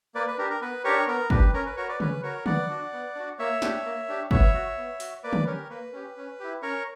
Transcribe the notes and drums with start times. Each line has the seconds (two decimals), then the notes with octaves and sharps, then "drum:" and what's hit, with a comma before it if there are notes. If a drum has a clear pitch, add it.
0.15 A#3 B4 D5
0.27 B4
0.38 D4 G4 A#4
0.50 A#4
0.61 B3 B4
0.84 D4 G4 A#4 C#5
1.07 B3 A#4
1.30 D4 G4 B4, drum: kick
1.53 C#4 A#4
1.66 B4
1.77 F#4 A#4 C#5
1.88 B4 D5
2.00 C#4 B4, drum: tom C#3
2.23 F#4 A#4 C#5
2.46 B3 D5 F#5, drum: tom D3
2.69 D4 F#4
2.93 B3
3.15 D4 F#4
3.38 A#3 C#5 E5
3.62 D4 G4, drum: snare
3.85 A#3
4.08 D4 G4
4.31 B3 C#5 E5, drum: kick
4.54 F#4
4.77 B3
5.00 F#4, drum: open hi-hat
5.23 A#3 B4 D5
5.33 drum: tom D3
5.46 C#4 G4 A#4 C#5
5.69 A#3 B4
5.93 C#4 G4
6.17 C#4
6.40 E4 G4
6.62 C#4 A#4 C#5